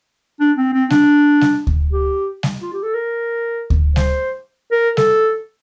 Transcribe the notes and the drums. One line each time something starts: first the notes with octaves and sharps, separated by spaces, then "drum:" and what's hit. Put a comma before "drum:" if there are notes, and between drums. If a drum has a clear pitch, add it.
D4
C4
C4
D4, drum: snare G3
drum: snare G3
drum: kick D2
G4
drum: snare G3
F4
G4
A4
A#4
drum: kick D2
C5, drum: snare G3
A#4
A4, drum: snare G3